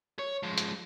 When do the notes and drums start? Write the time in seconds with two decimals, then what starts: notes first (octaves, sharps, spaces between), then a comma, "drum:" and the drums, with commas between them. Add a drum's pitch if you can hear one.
0.19 C#5
0.43 F3 G#3
0.58 drum: hi-hat